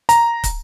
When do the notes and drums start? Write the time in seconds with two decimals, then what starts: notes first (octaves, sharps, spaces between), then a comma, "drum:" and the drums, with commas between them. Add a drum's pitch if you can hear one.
0.09 A#5, drum: hi-hat
0.44 drum: kick, hi-hat